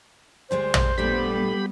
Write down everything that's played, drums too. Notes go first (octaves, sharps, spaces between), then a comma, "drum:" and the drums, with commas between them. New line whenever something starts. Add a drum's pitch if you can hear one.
D2 G3 G#3 C5
drum: tom
A#2 G3 A3 B3 D4 G4 B5